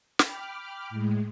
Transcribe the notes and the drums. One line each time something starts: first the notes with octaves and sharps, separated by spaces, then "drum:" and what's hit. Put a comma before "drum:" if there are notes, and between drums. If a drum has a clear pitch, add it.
G5 B5 D6 F6, drum: snare
A2 G#3